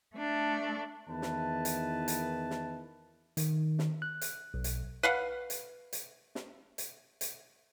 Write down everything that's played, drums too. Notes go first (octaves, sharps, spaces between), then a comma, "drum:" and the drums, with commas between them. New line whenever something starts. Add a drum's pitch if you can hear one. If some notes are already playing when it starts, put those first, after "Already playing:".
A3 D4
E2 D#3 E4 B4 A5
drum: snare
drum: hi-hat
drum: hi-hat
drum: snare
D#3, drum: hi-hat
drum: snare
F#6
drum: hi-hat
B1
drum: hi-hat
B4 F5 F#5
drum: hi-hat
drum: hi-hat
drum: snare
drum: hi-hat
drum: hi-hat